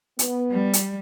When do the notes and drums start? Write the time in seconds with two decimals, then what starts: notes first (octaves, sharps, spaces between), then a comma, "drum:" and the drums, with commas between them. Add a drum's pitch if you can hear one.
0.19 B3, drum: hi-hat
0.51 G3
0.73 drum: hi-hat